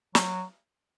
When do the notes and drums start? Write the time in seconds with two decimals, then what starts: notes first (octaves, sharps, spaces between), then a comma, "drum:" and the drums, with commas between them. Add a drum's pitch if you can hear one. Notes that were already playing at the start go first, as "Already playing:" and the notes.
0.15 F#3, drum: snare